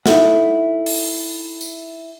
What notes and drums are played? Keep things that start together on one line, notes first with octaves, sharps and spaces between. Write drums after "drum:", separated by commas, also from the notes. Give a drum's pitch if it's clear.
D#4 E4 A4 E5 F#5, drum: snare
drum: open hi-hat
drum: tambourine